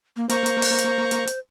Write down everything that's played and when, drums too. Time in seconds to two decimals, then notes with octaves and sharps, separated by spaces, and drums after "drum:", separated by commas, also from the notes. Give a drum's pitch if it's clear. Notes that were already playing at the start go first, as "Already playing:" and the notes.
0.16 A#3
0.30 A#3 C5 A#5 C#6, drum: hi-hat
0.46 drum: hi-hat
0.62 drum: open hi-hat
0.78 drum: hi-hat
1.11 drum: hi-hat
1.27 drum: hi-hat